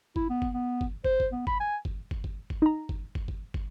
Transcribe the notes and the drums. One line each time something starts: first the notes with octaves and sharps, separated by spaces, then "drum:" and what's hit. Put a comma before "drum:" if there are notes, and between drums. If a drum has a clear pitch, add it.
E4, drum: kick
B3
drum: kick
B3
drum: kick
C5, drum: kick
drum: kick
B3
B5, drum: kick
G#5
drum: kick
drum: kick
drum: kick
drum: kick
D#4 A#5
drum: kick
drum: kick
drum: kick
drum: kick